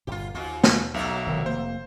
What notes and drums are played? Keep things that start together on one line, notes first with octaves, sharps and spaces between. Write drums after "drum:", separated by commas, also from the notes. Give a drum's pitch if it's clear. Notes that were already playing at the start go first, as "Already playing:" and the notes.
G1 A#2 F4 G4
D#2 G#2 F4 F#4
drum: snare
B1 F#3 A#4 E5
F1 C3 D#3
A#3 C5